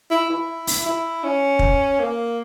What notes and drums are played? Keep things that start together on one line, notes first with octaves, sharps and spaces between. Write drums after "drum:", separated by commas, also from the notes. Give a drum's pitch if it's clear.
E4
E4
drum: open hi-hat
E4
C#4
drum: kick
A#3